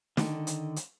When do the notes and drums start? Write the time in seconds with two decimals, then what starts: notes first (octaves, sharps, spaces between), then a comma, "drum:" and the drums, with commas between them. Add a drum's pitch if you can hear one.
0.17 D3 D#3, drum: snare
0.47 drum: hi-hat
0.76 drum: hi-hat